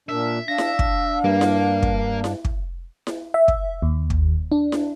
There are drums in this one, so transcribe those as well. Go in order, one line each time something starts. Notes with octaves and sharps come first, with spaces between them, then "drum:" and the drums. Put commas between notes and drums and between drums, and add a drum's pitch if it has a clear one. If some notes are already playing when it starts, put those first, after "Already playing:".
A#2 D4 A#4 E5
D4 F5 A#6
drum: snare E4
drum: kick
G2 A#3
drum: snare E4
drum: kick
drum: snare E4
drum: kick
drum: snare E4
E5
drum: kick
D#2
drum: kick
D4
drum: snare E4